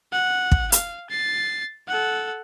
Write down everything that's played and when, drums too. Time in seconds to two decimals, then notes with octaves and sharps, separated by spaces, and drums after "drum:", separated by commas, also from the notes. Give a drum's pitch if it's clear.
0.12 F#5
0.52 drum: kick
0.72 F5, drum: hi-hat
1.10 A6 C7
1.88 A4 F#5